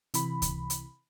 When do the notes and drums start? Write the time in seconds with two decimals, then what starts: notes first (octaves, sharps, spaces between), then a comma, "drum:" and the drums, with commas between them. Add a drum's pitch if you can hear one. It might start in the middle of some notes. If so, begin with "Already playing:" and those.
0.14 C3 E3 B5, drum: hi-hat
0.42 drum: kick C#2, hi-hat
0.70 drum: hi-hat